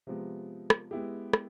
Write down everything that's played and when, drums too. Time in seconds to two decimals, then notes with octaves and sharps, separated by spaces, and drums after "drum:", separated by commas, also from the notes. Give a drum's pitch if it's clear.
0.07 C3 F3 G#3 B3
0.70 drum: rim click
0.91 G#3 B3 E4 G4
1.33 drum: rim click